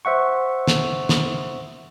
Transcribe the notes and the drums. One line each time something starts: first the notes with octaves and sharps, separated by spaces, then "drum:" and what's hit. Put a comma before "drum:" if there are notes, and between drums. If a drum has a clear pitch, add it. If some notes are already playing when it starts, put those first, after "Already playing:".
C5 E5 F#5 C#6
drum: snare
drum: snare